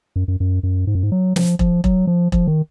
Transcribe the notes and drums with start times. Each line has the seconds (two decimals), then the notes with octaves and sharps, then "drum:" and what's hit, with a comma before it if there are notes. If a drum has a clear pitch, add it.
0.16 F#2
0.28 F#2
0.40 F#2
0.63 F#2
0.87 G#2
0.95 F#2
1.03 G#2
1.12 F#3
1.36 F3, drum: snare
1.59 F3, drum: kick E1
1.84 F#3, drum: kick E1
2.07 F3
2.32 F3, drum: kick E1
2.47 D#3